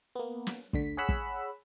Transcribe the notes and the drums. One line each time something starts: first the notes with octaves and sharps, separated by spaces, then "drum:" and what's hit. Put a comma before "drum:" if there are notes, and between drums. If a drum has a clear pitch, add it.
A#3 B3
drum: snare
D2 D3 B6, drum: kick
G#4 C#5 F#5 B5 E6
drum: kick